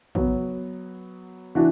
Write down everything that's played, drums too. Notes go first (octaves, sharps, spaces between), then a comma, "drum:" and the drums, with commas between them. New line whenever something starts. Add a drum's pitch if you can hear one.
F#3 B3 F#4, drum: kick
E3 D4 F#4